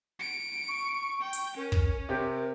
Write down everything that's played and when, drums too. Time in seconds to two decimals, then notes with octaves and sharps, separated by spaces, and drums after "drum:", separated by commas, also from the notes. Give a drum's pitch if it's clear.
0.20 C#7 D7
0.68 C#6
1.21 G5
1.33 drum: hi-hat
1.56 C#4 A#4
1.72 drum: kick
2.09 C3 C4 G4 A#4